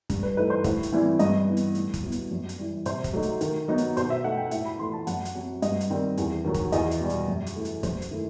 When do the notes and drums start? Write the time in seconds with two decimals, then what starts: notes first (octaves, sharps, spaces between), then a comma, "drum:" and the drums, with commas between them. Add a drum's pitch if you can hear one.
0.10 G2, drum: kick, hi-hat
0.23 B4
0.37 E3 A3 D#4 B4
0.50 C5
0.64 A2, drum: kick, hi-hat
0.83 drum: hi-hat
0.93 E3 G3 C4 E4
1.19 G2 D#5, drum: hi-hat
1.48 E3 B3 D#4
1.57 drum: hi-hat
1.75 A2, drum: hi-hat
1.94 drum: kick, hi-hat
2.03 F#3 B3 E4
2.12 drum: hi-hat
2.31 F#2
2.49 drum: hi-hat
2.58 E3 G3
2.85 C3 C5, drum: hi-hat
3.04 drum: kick, hi-hat
3.13 F#3 A3 D#4
3.23 drum: hi-hat
3.41 D#3, drum: hi-hat
3.68 F#3 B3 D#4
3.78 drum: hi-hat
3.97 B2 C5, drum: hi-hat
4.10 E5
4.24 A3 D#4 F#5
4.37 G5
4.51 A2 E5, drum: hi-hat
4.65 B5
4.79 E3 A3 C6
4.93 A5
5.07 F#2 F#5, drum: hi-hat
5.25 drum: hi-hat
5.35 F#3 C4
5.62 G2 D#5, drum: hi-hat
5.81 drum: hi-hat
5.90 D#3 G3 C4
6.17 E2, drum: hi-hat
6.45 D#3 F#3
6.54 drum: kick, hi-hat
6.72 E2 D#5, drum: hi-hat
6.91 drum: hi-hat
7.00 B2 G3
7.10 drum: hi-hat
7.28 F#2
7.46 drum: hi-hat
7.56 E3 A3
7.65 drum: hi-hat
7.83 F#2 C5, drum: kick, hi-hat
8.02 drum: hi-hat
8.11 D#3 A3 E4